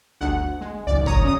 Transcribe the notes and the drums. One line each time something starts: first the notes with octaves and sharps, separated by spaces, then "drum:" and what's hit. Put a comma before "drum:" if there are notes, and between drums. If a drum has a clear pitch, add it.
G1 D2 F#5
G#3
C#2 F#2 D#3 D5
C#5 A#5 D#6, drum: kick F#1
C#3 D#6